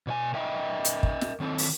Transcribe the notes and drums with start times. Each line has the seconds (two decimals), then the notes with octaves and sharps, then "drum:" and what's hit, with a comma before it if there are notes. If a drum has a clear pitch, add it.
0.07 B2 C#5 G#5
0.34 A#4 D#5 E5 G5
0.85 drum: hi-hat
1.03 drum: kick
1.21 drum: snare
1.40 D#3 C4 A4
1.58 drum: open hi-hat